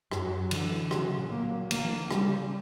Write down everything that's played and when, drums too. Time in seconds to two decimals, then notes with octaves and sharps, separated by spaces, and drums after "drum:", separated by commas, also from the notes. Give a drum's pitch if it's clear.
0.11 F#2 F#3, drum: rim click
0.51 D3 E3, drum: cymbal
0.91 C#3 F#3, drum: rim click
1.18 A#2
1.31 A#3
1.44 F#3
1.71 D3 A#3, drum: cymbal
1.81 E3
1.93 D3
2.11 C#3 G3, drum: rim click